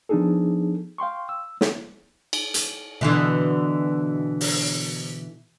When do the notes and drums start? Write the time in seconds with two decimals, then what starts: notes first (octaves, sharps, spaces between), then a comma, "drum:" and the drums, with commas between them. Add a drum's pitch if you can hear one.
0.09 F3 B3 D4 D#4 G#4 A4
0.98 F5 G5 C6 C#6
1.29 E6
1.61 drum: snare
2.33 drum: cymbal
2.54 drum: hi-hat
3.01 B2 D3 E3
4.41 drum: open hi-hat